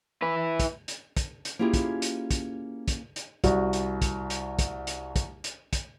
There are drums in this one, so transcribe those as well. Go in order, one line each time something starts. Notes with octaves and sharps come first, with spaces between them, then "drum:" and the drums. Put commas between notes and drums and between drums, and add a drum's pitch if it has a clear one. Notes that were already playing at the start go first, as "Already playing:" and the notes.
E4 B4
drum: kick, hi-hat
drum: hi-hat
drum: kick, hi-hat
drum: hi-hat
A#3 C#4 E4 F4 G4 G#4
drum: kick, hi-hat
drum: hi-hat
drum: kick, hi-hat
drum: kick, hi-hat
drum: hi-hat
C2 F#4, drum: kick, hi-hat
drum: hi-hat
drum: kick, hi-hat
drum: hi-hat
drum: kick, hi-hat
drum: hi-hat
drum: kick, hi-hat
drum: hi-hat
drum: kick, hi-hat